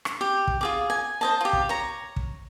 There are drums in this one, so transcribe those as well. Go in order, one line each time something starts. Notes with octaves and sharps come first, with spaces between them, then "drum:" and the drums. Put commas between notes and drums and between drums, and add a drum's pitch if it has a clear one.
drum: rim click
G4
drum: kick
F4 G#4 D6
G#5
C5 D#5 A5
F4 G4
drum: kick
C#5 A#5
drum: kick